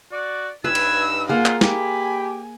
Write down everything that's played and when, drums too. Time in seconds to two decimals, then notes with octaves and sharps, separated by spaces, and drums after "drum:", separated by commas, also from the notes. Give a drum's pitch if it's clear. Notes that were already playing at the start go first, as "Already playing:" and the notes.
0.12 F#4 D5
0.64 G2 D#4 B4 E6 G#6
0.75 drum: cymbal
1.29 A#3 F4 G#4 F#5
1.46 drum: clap
1.61 G4 G#5 B5, drum: snare